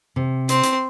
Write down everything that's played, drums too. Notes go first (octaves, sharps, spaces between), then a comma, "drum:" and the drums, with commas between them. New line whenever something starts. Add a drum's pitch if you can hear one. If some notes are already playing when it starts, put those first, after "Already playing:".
C3
C4 C6, drum: hi-hat
drum: hi-hat